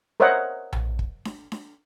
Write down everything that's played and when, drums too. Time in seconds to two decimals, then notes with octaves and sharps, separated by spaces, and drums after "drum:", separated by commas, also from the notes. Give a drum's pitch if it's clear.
0.20 A#4 C5 C#5 D#5 E5 F#5
0.73 drum: tom A#1
0.99 drum: kick
1.25 drum: snare D4
1.52 drum: snare D4